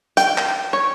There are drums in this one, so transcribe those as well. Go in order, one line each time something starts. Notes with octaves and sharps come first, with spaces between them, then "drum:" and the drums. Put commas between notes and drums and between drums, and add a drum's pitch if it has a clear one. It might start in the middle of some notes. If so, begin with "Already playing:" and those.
G5, drum: hi-hat
drum: clap
C#5